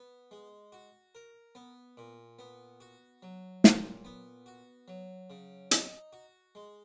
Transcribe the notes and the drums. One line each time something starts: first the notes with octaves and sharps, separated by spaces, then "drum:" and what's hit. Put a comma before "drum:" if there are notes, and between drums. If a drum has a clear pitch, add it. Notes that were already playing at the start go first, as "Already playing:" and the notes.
Already playing: B3
G#3
F#4
A#4
B3
A#2
B3
F#4
F#3
A#2, drum: snare
B3
F#4
F#3
C#3
D#4, drum: hi-hat
F#4
G#3